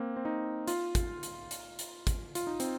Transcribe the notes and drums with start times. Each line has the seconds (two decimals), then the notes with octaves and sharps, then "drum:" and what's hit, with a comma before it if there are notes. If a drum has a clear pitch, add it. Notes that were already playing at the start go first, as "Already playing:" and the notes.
Already playing: A#3 C4
0.17 C4
0.25 D#4
0.68 F4, drum: hi-hat
0.95 drum: kick, hi-hat
1.23 drum: hi-hat
1.51 drum: hi-hat
1.79 drum: hi-hat
2.07 drum: kick, hi-hat
2.35 F4, drum: hi-hat
2.47 D#4
2.60 C4, drum: hi-hat